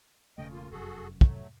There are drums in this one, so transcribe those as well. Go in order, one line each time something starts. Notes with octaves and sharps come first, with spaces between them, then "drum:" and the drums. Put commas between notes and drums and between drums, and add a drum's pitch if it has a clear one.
E1 G2 C#3 A3 D#5 G5
A#3 F4
F1 F#2 F#4 G#4 A4
F#3 A3, drum: kick